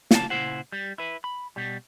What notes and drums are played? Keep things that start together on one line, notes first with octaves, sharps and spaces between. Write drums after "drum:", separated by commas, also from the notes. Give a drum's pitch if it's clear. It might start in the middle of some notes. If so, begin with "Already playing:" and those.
C#3 A#3 F4 A5, drum: snare
A#2 C#3 E4 C5 F#5
G3
E4 B4
B5
B2 G3